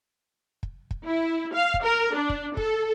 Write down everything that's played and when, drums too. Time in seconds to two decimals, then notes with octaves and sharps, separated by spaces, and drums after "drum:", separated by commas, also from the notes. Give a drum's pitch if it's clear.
0.63 drum: kick
0.91 drum: kick
1.05 E4
1.54 F5
1.74 drum: kick
1.85 A#4
2.16 D4
2.29 drum: kick
2.57 A4, drum: kick